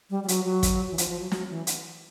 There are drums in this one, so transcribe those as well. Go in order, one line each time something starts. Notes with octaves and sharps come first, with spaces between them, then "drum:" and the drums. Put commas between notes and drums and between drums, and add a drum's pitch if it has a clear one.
G3
G3
F#3, drum: hi-hat
F#3
drum: kick, hi-hat
E3
F3, drum: hi-hat
F3
F#3
F#3, drum: snare
E3
drum: hi-hat